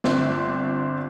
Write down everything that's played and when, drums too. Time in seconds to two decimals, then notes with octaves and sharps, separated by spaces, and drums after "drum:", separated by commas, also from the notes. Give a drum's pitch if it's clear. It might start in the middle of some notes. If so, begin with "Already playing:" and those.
0.04 G1 C4 D4, drum: snare